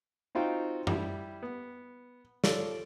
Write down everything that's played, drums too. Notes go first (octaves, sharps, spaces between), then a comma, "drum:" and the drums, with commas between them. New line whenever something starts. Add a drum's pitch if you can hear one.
C4 D#4 F4 F#4 D#5 G5
G3 E4, drum: tom F#2
B3
F4 A4 C#5 D5, drum: snare